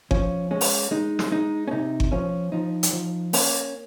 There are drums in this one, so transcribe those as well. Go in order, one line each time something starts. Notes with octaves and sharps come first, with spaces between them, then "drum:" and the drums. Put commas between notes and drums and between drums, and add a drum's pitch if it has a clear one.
F3 C#4, drum: kick G1
G#3 C#4
drum: open hi-hat
G#3 D#4
drum: snare
G#3 D#4
C#4
C3 D#4
drum: kick G1
F3 C#4
F3 D#4
drum: hi-hat
F3
A#3 C#4, drum: open hi-hat